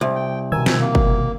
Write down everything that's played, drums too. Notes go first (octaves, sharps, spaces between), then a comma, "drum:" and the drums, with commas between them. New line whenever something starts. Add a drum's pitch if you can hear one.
C2
G5
B2 D#3 G#5 E6 G#6
drum: snare
C3 A#3
drum: kick F#1